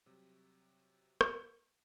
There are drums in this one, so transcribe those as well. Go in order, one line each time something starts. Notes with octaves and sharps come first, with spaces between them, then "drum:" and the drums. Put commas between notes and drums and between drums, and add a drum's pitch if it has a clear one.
C3 F#3 G3
drum: rim click